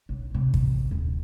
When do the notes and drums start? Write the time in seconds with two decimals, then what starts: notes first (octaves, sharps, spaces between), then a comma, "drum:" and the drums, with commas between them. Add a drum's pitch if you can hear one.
0.09 B1
0.34 C3
0.54 drum: kick
0.91 D#1